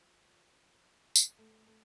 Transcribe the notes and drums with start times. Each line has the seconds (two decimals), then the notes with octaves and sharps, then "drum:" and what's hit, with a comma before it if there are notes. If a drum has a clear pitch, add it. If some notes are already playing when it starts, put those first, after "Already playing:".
Already playing: F3
1.16 drum: tambourine
1.39 A3
1.67 A3